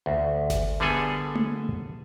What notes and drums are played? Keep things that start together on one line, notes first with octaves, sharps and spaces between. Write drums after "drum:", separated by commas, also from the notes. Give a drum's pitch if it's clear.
D2
drum: snare G1
D3 G3 B3 G#4 A4 G#5
drum: tom A3